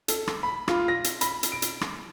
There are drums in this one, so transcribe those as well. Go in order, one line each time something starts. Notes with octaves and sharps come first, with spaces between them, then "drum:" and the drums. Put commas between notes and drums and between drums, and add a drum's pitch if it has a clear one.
A4, drum: hi-hat
drum: rim click
B5
F4, drum: rim click
A#6
drum: hi-hat
B5, drum: hi-hat
drum: hi-hat
D7
drum: hi-hat
drum: rim click